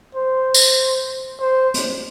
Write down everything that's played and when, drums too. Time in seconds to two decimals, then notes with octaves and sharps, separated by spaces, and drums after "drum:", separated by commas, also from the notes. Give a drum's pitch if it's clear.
0.15 C5
0.54 drum: tambourine
1.40 C5
1.74 drum: hi-hat